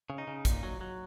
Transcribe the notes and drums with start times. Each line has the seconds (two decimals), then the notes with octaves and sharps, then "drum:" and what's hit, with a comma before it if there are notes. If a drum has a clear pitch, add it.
0.10 C#3
0.18 D#4
0.27 C#3
0.45 A#2, drum: kick, hi-hat
0.63 F#3
0.81 F#3